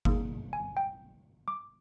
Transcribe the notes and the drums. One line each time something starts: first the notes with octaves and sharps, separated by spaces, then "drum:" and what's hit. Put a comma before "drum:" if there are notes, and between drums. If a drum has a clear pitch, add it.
A#3 D#4 G#4 D#6, drum: kick G1
G#5
G5
D6